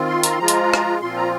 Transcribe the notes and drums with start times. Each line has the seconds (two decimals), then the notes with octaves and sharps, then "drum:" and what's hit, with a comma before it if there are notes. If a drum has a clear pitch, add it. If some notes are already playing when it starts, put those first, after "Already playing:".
Already playing: D#3 C4 F4
0.08 C6
0.23 A#5, drum: hi-hat
0.31 C6
0.39 F3 G#3 F4 A#5
0.48 drum: hi-hat
0.74 drum: rim click
1.01 A#2 F3 C4 F4 C6
1.16 A#5